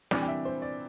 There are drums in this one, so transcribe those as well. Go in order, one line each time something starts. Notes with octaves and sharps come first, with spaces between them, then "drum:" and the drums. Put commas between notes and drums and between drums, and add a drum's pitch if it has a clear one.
C3 E3 G3 D4 D5, drum: snare
G5
E5
C5
D5